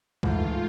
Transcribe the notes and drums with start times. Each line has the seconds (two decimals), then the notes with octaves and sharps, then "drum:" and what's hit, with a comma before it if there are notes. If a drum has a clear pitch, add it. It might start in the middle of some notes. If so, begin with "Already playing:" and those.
0.23 G#2 E3 A3 F4, drum: kick C#2